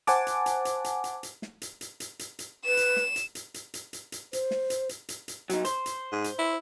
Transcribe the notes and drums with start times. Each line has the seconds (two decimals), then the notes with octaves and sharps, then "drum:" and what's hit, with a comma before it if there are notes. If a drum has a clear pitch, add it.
0.07 C5 F#5 G#5 A5 D6, drum: hi-hat
0.27 drum: hi-hat
0.46 drum: hi-hat
0.65 drum: hi-hat
0.84 drum: hi-hat
1.04 drum: hi-hat
1.23 drum: hi-hat
1.42 drum: snare
1.62 drum: hi-hat
1.81 drum: hi-hat
2.00 drum: hi-hat
2.19 drum: hi-hat
2.39 drum: hi-hat
2.65 B4 E7
2.77 drum: hi-hat
2.96 drum: snare
3.16 drum: hi-hat
3.35 drum: hi-hat
3.54 drum: hi-hat
3.74 drum: hi-hat
3.93 drum: hi-hat
4.12 drum: hi-hat
4.33 C5, drum: hi-hat
4.51 drum: snare
4.70 drum: hi-hat
4.89 drum: hi-hat
5.09 drum: hi-hat
5.28 drum: hi-hat
5.50 F#3 D#4, drum: hi-hat
5.65 C5, drum: hi-hat
5.86 drum: hi-hat
6.12 G#2
6.24 drum: hi-hat
6.39 E4